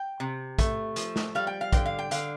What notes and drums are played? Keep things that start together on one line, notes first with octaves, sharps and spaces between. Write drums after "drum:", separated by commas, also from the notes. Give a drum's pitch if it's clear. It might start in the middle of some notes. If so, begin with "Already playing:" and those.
Already playing: G5
C3
A3, drum: kick, hi-hat
F3, drum: hi-hat
drum: snare
G3 F5
G5
F5
D3 G5, drum: kick, hi-hat
F5
G5
D3 F5, drum: hi-hat